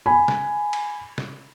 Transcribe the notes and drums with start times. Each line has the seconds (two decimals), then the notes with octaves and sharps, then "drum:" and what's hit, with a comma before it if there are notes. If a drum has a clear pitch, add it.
0.06 G#5 B5
0.28 drum: snare
0.73 drum: cymbal
1.18 drum: snare